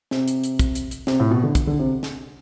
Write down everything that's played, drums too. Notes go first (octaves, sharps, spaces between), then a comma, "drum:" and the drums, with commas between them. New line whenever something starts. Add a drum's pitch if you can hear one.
C3, drum: snare
drum: hi-hat
drum: hi-hat
drum: kick, hi-hat
drum: hi-hat
drum: hi-hat
C3, drum: snare
A2
B2
D3
drum: kick, hi-hat
D3
C3
drum: snare